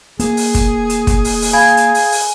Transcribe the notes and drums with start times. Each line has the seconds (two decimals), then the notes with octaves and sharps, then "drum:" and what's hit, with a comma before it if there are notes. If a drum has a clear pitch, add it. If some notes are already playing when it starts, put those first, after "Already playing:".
0.19 A#3 G#4, drum: hi-hat
0.37 drum: open hi-hat
0.54 drum: kick, hi-hat
0.90 drum: hi-hat
1.07 drum: kick, hi-hat
1.25 drum: open hi-hat
1.42 drum: open hi-hat
1.53 F5 G#5 B5 G#6
1.77 drum: hi-hat
1.95 drum: open hi-hat
2.12 drum: open hi-hat